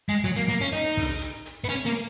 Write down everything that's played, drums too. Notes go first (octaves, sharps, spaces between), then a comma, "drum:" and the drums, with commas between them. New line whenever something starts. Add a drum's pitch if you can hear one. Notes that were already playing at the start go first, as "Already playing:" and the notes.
G#3
F#3, drum: hi-hat
A#3
A#3, drum: hi-hat
C#4
D#4, drum: hi-hat
drum: kick, open hi-hat
drum: hi-hat
drum: hi-hat
B3
C#4, drum: hi-hat
A#3